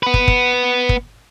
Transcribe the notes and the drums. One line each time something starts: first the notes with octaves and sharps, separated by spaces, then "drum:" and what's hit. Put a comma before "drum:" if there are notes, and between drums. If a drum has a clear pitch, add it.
B3 B4
drum: kick
drum: kick
drum: kick